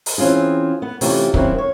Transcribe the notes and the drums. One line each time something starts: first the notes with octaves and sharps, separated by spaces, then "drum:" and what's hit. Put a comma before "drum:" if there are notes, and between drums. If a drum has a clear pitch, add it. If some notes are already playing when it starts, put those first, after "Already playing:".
drum: open hi-hat
E3 C4 C#4 F4 G#4
B3
C3 E3 A3 C#4 F4 G4, drum: open hi-hat
D#3 F#3 A#3 C4 C#4 E4, drum: kick
C#5